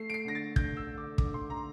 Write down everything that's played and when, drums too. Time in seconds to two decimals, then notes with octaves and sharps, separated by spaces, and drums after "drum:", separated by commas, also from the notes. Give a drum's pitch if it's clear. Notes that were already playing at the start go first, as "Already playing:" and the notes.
Already playing: A3 C7
0.10 D7
0.14 C7
0.25 D3 A#6
0.35 A6
0.56 D3 G6, drum: kick
0.77 E6
0.87 D3
0.98 D6
1.18 D3 D6, drum: kick
1.34 C6
1.50 D3 A#5